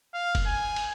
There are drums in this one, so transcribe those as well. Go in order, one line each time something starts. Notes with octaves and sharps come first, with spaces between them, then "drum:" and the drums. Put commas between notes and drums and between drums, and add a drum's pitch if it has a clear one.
F5
drum: kick, cymbal
G#5
drum: cymbal